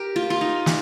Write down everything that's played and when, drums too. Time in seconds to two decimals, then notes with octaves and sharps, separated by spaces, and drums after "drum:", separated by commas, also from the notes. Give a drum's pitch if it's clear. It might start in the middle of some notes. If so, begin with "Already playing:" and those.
Already playing: G4 A#4
0.16 F4
0.30 F4
0.41 D#4
0.66 drum: snare